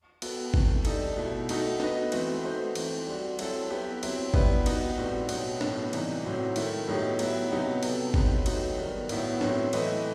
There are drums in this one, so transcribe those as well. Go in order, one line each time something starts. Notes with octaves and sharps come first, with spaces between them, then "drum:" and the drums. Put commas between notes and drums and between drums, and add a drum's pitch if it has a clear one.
B3 F#4 A4, drum: cymbal
C3 E3 A3, drum: kick
G3 D#4 A4, drum: cymbal
B2 A3 E4
A3 D#4 F#4 A4, drum: cymbal
B3 F#4 B4 D#5, drum: snare
E3 A3 C4 F#4 B4, drum: cymbal
A3 D#4 F#4 C5
E3 A3 C4, drum: cymbal
G3 C4 F#4
F#3 C4 E4 A4, drum: cymbal
B3 E4 G4 B4
F#3 C4 E4, drum: cymbal
G3 B3 E4 G4 B4, drum: kick
B3 D#4 F#4, drum: cymbal
A2 G3 C4 F#4
B2 F#3 B3 D#4 F#4, drum: cymbal
A2 F#3 B3, drum: snare
C3 E3 G3 D#4, drum: cymbal
A2 F#3 C4 F#4
D#3 A3 E4, drum: cymbal
A2 F#3 B3 D#4 G4
F#3 B3 E4, drum: cymbal
C3 F#3 B3 D#4 G4
C3 F#3 B3 F#4 A4, drum: cymbal
F#3 C4 D#4 G4 B4, drum: kick
F#3 A3 D#4 F#4, drum: cymbal
D#3 G3 B3
A2 F#3 B3 E4, drum: cymbal
A2 F#3 C4, drum: snare
E3 A3 E4 B4 D#5, drum: cymbal